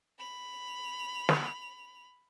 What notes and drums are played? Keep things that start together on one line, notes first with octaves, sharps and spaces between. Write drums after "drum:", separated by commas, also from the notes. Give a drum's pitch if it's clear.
B5 F7
drum: snare